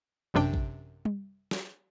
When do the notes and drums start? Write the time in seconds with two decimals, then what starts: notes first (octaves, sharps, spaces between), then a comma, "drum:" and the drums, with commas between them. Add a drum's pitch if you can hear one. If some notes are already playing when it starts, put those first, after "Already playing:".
0.34 A1 F#2 C3 D4 G5
0.54 drum: kick
1.05 drum: tom G3
1.51 drum: snare